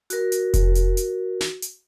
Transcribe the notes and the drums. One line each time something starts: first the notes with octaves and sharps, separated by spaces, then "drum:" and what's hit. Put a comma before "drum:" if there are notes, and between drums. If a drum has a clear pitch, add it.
F#4 A#4, drum: hi-hat
drum: hi-hat
drum: kick F1, hi-hat
drum: hi-hat
drum: hi-hat
drum: snare
drum: hi-hat